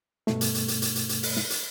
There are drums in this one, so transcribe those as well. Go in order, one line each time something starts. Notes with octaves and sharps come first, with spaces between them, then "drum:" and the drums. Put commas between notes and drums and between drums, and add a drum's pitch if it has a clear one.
G2 B2 A3, drum: snare
drum: hi-hat
drum: hi-hat
drum: hi-hat
drum: hi-hat
drum: hi-hat
drum: hi-hat
drum: open hi-hat
drum: snare
drum: hi-hat